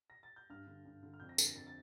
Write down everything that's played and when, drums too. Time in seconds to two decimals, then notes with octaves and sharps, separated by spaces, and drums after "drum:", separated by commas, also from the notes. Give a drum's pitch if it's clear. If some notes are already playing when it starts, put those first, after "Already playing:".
0.10 A#6
0.23 A6
0.36 G6
0.50 G2 F6
0.67 D3
0.85 G2
1.03 D3
1.14 F6
1.20 F2 G6
1.29 A#6
1.38 D3 A6, drum: tambourine
1.47 A#6
1.55 F2 A6
1.67 A6